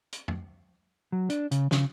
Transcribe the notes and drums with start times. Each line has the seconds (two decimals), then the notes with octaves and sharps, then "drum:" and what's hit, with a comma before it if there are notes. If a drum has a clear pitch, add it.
0.12 drum: hi-hat
0.28 drum: tom F2
1.12 F#3
1.30 D4, drum: hi-hat
1.51 C#3, drum: hi-hat
1.71 C#3, drum: snare